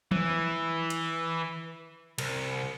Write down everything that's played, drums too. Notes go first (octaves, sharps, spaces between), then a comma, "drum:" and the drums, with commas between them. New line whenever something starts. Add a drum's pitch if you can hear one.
E3, drum: tom E3
drum: hi-hat
C2, drum: cymbal